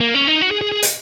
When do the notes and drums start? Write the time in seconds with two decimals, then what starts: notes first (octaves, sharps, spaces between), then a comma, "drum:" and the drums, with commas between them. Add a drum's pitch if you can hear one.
0.01 A#3
0.15 C#4
0.27 D#4
0.41 F#4
0.51 G#4
0.61 G#4
0.72 G#4
0.83 drum: hi-hat